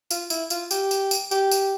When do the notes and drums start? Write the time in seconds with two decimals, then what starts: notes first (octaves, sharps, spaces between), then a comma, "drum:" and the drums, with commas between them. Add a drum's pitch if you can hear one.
0.11 F4, drum: tambourine
0.30 E4, drum: tambourine
0.50 F4, drum: tambourine
0.71 G4, drum: tambourine
0.91 drum: tambourine
1.11 drum: tambourine
1.31 G4, drum: tambourine
1.51 drum: tambourine